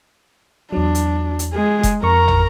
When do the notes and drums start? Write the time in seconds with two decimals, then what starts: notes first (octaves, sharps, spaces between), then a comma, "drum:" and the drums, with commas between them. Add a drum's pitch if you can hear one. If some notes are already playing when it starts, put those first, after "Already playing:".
0.72 E2 F#3 D4
0.95 drum: hi-hat
1.39 drum: hi-hat
1.53 G#3 G#4
1.83 drum: kick F1, hi-hat
2.03 F2 A#4 A#5 C#6
2.28 drum: tom